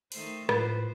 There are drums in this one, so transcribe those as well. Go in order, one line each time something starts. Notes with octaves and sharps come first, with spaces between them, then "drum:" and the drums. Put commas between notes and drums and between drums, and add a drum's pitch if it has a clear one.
D#3 A3 C5, drum: open hi-hat
A2 F3 B4 C5, drum: rim click